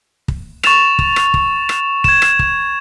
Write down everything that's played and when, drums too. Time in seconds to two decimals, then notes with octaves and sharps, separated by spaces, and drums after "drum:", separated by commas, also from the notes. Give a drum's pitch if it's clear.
0.28 drum: kick
0.63 C#6 A6 E7 F7, drum: rim click
0.99 drum: kick
1.16 drum: rim click
1.34 drum: kick
1.69 drum: rim click
2.04 G#6 E7, drum: kick
2.22 drum: rim click
2.39 drum: kick